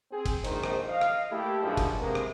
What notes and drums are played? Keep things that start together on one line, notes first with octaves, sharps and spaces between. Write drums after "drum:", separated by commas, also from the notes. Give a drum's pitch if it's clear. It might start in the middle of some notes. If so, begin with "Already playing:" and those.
C4 G#4
drum: kick, cymbal
A#1 G#2 D#3 C5, drum: cymbal
drum: rim click
D#5 F5
drum: rim click
A3 A#3 E4 G4
F#2 B2 F3 G#3 A3 D4
drum: kick, cymbal
C3 G#3 A#3 B3 A#4 C5
drum: rim click